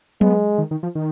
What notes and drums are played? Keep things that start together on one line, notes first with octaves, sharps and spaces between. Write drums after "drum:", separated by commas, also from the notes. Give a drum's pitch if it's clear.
G#3 B3, drum: tom F#3
D#3
D#3
F3
D#3